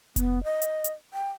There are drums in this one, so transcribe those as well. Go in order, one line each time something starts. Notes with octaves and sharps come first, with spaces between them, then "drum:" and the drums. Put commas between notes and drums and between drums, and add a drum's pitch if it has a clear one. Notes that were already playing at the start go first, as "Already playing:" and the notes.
B3, drum: kick F1, hi-hat
D#5
drum: hi-hat
drum: hi-hat
G5